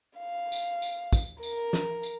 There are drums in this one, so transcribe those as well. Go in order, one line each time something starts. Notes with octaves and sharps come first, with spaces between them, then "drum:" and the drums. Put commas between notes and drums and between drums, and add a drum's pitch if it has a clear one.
F5
drum: tambourine
drum: tambourine
drum: kick, tambourine
A#4, drum: tambourine
drum: snare
drum: tambourine